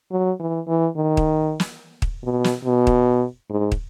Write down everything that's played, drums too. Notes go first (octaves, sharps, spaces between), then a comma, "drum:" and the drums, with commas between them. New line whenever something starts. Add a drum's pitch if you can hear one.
F#3
E3
E3
D#3
drum: kick
drum: snare
drum: kick
B2
drum: snare
B2
drum: kick
G#2
drum: kick